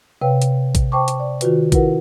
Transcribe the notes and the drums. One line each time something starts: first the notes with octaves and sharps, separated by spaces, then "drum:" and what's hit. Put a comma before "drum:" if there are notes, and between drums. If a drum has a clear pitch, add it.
C3 B4 C#5 F5 G5
drum: hi-hat
drum: kick, hi-hat
C5 G5 A5 C#6 D6
drum: hi-hat
D5
D#3 F4 F#4 B4, drum: hi-hat
E4 F#4 A#4 B4 F#5, drum: kick, hi-hat